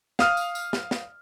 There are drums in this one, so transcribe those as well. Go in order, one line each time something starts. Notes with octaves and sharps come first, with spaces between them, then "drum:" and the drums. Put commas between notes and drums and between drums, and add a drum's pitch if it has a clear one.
F5 D#6 F6, drum: snare
drum: tambourine
drum: tambourine
drum: snare
drum: snare